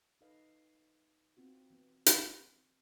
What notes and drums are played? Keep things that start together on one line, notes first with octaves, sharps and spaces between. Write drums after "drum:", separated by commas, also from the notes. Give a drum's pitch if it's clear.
D#4 A4 B4 D#5 F5
B3 C4 F4 F#4
E3 B3
drum: hi-hat